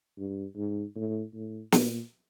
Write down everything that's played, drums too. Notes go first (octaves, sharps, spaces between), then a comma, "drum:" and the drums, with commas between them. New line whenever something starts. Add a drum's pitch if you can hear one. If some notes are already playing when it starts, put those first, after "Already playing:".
G2
G#2
A2
A2
A#2, drum: snare